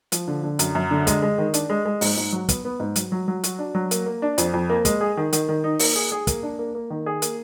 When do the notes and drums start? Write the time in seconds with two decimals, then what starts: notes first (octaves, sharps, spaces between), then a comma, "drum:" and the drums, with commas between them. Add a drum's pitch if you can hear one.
0.12 F3, drum: hi-hat
0.28 D3
0.43 D3
0.59 F#2, drum: hi-hat
0.75 F#2
0.91 D3
1.07 G#3, drum: kick, hi-hat
1.22 G#3
1.38 D#3
1.54 D4, drum: hi-hat
1.70 G#3
1.85 G#3
2.01 G#2, drum: open hi-hat
2.17 G#2
2.32 F#3
2.49 B3, drum: kick, hi-hat
2.65 B3
2.80 G#2
2.96 F#3, drum: hi-hat
3.12 F#3
3.28 F#3
3.44 F#4, drum: hi-hat
3.59 D4
3.75 F#3
3.91 A#3, drum: hi-hat
4.06 A#3
4.22 D4
4.38 F2, drum: hi-hat
4.54 F2
4.70 A#3
4.85 G#3, drum: kick, hi-hat
5.01 G#4
5.17 D#3
5.33 D#3, drum: hi-hat
5.49 D#3
5.64 D#4
5.79 A#3, drum: open hi-hat
5.95 G#4
6.12 G#4
6.27 A#3, drum: kick, hi-hat
6.43 D4
6.59 A#3
6.75 A#3
6.90 D#3
7.06 G#4
7.22 A#3, drum: hi-hat